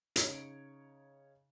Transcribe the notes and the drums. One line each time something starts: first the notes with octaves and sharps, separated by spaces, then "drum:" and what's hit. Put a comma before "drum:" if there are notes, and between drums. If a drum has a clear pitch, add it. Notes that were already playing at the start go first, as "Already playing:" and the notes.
C#3 D#4 C#5 C#7 D7, drum: hi-hat